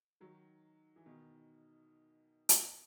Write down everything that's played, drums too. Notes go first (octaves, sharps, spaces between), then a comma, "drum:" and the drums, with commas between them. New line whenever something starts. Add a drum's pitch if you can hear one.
D#3 F#3
E3
B2 D#3
drum: hi-hat